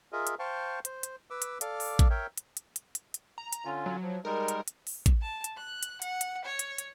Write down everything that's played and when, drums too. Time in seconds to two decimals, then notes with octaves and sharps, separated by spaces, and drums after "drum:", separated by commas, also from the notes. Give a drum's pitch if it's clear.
0.13 F4 G#4 A#4 D#5 E5
0.27 drum: hi-hat
0.39 C5 F5 G5 A5 C#6
0.85 C5, drum: hi-hat
1.03 drum: hi-hat
1.30 B4 D6 E6
1.42 drum: hi-hat
1.61 A4 D5 F5 D6, drum: hi-hat
1.80 drum: open hi-hat
1.99 drum: kick, hi-hat
2.10 A#4 C#5 E5 G5
2.38 drum: hi-hat
2.57 drum: hi-hat
2.76 drum: hi-hat
2.95 drum: hi-hat
3.14 drum: hi-hat
3.38 A#5
3.53 drum: hi-hat
3.65 D3 C#4 F4
3.86 F#3
4.02 F3
4.25 G3 G#3 D#4 A#4
4.48 drum: hi-hat
4.68 drum: hi-hat
4.87 drum: open hi-hat
5.06 drum: kick, hi-hat
5.22 A5
5.44 drum: hi-hat
5.57 F#6
5.83 drum: hi-hat
6.02 F#5, drum: hi-hat
6.21 drum: hi-hat
6.45 C#5
6.59 drum: hi-hat
6.78 drum: hi-hat